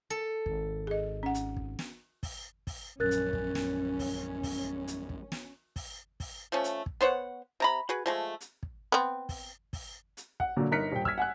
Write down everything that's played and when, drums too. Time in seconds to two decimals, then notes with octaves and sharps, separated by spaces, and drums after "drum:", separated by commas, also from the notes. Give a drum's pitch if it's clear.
0.10 A4
0.46 G#1, drum: kick
0.87 G#4 D#5
1.23 C#4 F#5
1.35 drum: hi-hat
1.57 drum: kick
1.79 drum: snare
2.23 drum: kick, open hi-hat
2.67 drum: kick, open hi-hat
3.00 A#1 F#2 C#4 A#4 F#6 A6
3.11 drum: hi-hat
3.33 drum: kick
3.55 drum: snare
3.99 drum: kick, open hi-hat
4.43 drum: kick, open hi-hat
4.88 drum: hi-hat
5.10 drum: kick
5.32 drum: snare
5.76 drum: kick, open hi-hat
6.20 drum: kick, open hi-hat
6.52 F3 A3 C#4
6.64 drum: hi-hat
6.86 drum: kick
7.01 B3 C5 C#5 F#5
7.60 C3 A#5 B5
7.89 F#4 G#4 B4
8.06 F3 G#3 A3
8.41 drum: hi-hat
8.63 drum: kick
8.92 B3 C4
9.29 drum: kick, open hi-hat
9.73 drum: kick, open hi-hat
10.17 drum: hi-hat
10.40 F#5, drum: kick
10.57 A#2 D3 F#3
10.71 G1 D#4 A#4 F#6 B6 C#7
10.92 D#1 G5
11.05 E6 F6 G#6 B6, drum: kick
11.18 F#5 G#5 F#6